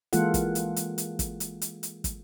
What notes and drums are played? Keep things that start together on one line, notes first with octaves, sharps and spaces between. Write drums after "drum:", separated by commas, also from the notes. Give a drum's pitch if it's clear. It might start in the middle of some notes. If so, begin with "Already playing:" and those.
E3 G#3 A#3 F4 A4 F#5, drum: hi-hat
drum: kick, hi-hat
drum: hi-hat
drum: hi-hat
drum: hi-hat
drum: kick, hi-hat
drum: hi-hat
drum: hi-hat
drum: hi-hat
drum: kick, hi-hat